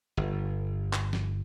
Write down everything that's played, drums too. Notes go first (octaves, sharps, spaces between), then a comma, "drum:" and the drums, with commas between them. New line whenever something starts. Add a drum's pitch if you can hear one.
G1
drum: clap
drum: snare